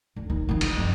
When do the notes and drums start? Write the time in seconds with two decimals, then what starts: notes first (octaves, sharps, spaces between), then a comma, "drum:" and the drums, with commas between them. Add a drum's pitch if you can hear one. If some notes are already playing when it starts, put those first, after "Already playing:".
0.16 D2
0.30 D#2
0.49 D#3 F3
0.61 E4, drum: cymbal
0.77 F#2 F3